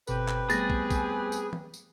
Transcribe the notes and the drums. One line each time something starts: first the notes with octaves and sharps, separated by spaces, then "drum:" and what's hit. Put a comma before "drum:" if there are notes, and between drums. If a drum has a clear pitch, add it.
G1 B2 C4 G4 A4 B4, drum: tambourine
drum: clap
G3 A3 B3 G#4 A6 A#6, drum: tambourine
drum: kick
drum: kick, tambourine
drum: tambourine
drum: tom E3
drum: tambourine